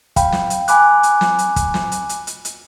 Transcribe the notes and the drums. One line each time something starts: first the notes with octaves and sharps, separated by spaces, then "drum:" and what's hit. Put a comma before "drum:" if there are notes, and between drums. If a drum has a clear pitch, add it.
F5 G5 B5, drum: kick, hi-hat
drum: snare
drum: hi-hat
G#5 B5 D6 F#6, drum: hi-hat
drum: hi-hat
drum: snare
drum: hi-hat
drum: kick, hi-hat
drum: snare
drum: hi-hat
drum: hi-hat
drum: hi-hat
drum: hi-hat